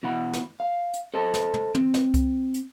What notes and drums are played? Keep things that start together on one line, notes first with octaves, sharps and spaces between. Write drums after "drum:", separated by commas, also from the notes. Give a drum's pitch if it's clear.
B2 E3 F#4 F#5 B5
drum: snare
F5
drum: hi-hat
A4 C5 D#5 A5
drum: snare
drum: tom
C4, drum: tom
drum: snare
drum: kick C2, hi-hat
drum: hi-hat